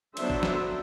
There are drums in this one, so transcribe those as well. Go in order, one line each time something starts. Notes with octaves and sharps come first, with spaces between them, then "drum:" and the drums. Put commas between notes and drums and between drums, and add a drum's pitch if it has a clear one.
D3 F#3 B3 D4 C5 E5, drum: cymbal
drum: kick G#1
drum: snare